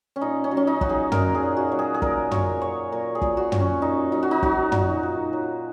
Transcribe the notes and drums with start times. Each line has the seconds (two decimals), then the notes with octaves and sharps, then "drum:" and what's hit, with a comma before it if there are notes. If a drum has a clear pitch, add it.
0.16 C#4
0.21 A#2 D#4
0.44 C#4
0.51 F#3
0.57 C#4
0.67 D#4
0.81 F#3 F#4, drum: kick
0.89 G#4
1.12 A#2 A#4, drum: tom
1.35 G#4
1.42 A#2
1.57 F#4
1.72 F#3
1.79 G#4
1.94 G#4
2.02 A#2 A#4, drum: kick
2.31 F#3 C#5, drum: tom
2.62 F#3 C#5
2.92 A#2 A#4
3.15 G#4
3.22 A#2, drum: kick
3.37 F#4
3.52 F#3, drum: tom
3.60 C#4
3.82 A#2 D#4
4.12 F#3 D#4
4.23 F#4
4.31 D#4
4.43 F#3 F#4, drum: kick
4.72 A#2, drum: tom
5.03 A#2
5.33 F#3